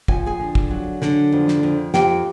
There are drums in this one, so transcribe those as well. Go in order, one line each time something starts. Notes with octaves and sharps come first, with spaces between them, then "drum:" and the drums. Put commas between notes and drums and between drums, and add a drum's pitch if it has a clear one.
F2 G#5, drum: kick
G#4 G#5
D3
drum: kick
F#3
D3, drum: snare
F2
drum: snare
F2
F2 G4 G5, drum: snare